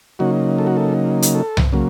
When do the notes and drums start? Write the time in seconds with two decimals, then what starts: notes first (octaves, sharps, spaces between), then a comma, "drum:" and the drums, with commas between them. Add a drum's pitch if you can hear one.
0.19 C#3 F#3 A#3 D#4 F#4
0.58 A4
0.67 F#4
0.77 A4
1.22 drum: hi-hat
1.35 A4
1.57 drum: tom C2
1.72 C#3 F#3 A#3